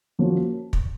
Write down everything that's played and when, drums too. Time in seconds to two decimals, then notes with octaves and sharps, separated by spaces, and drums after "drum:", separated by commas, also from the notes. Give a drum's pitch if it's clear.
0.19 F3 A#3 C#4 F#4
0.73 drum: kick